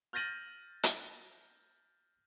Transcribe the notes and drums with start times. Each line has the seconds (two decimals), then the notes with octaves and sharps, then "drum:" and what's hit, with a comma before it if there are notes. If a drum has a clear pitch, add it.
0.13 F6 G6 A6 A#6 D#7 F#7
0.83 drum: hi-hat